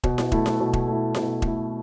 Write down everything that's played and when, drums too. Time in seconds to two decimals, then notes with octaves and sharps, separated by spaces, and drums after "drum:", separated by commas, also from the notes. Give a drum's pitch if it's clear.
0.04 B2, drum: kick E1
0.18 drum: snare E4
0.32 A3 E4, drum: kick E1
0.46 drum: snare E4
0.60 B2
0.73 drum: kick E1
0.87 A3 E4
1.15 B2, drum: snare E4
1.42 A3 E4, drum: kick E1